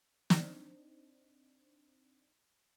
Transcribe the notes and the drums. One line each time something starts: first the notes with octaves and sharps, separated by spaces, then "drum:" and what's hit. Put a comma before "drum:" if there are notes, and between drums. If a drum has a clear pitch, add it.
C4 D4 D#4, drum: snare